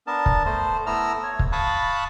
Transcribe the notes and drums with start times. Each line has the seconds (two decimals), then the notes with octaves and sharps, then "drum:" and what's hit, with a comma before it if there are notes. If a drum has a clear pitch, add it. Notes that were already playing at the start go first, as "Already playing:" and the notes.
0.07 B3 D4 A#4 A5
0.26 drum: kick
0.45 A3 C5
0.86 A3 B3 E4 A#5 E6 F6
1.23 C#5
1.39 drum: kick
1.52 F5 A5 B5 C#6 D#6 F#6